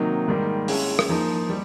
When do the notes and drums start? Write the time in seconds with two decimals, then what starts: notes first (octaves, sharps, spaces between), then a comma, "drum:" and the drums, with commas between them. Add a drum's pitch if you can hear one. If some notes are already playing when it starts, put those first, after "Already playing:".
Already playing: C3 D#3 F#3 A#3 D#4
0.27 G#2 D#3 G3 A#3
0.68 G#3 C#4 E4, drum: open hi-hat
0.99 drum: rim click
1.09 F3 A#3 D#4
1.49 G3